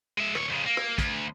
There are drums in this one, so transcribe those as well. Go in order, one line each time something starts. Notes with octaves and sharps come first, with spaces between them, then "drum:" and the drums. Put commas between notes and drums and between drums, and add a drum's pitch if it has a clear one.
G#3 E5
D2 C#5, drum: rim click
F2 C#3
A#3
drum: rim click
D2, drum: kick, hi-hat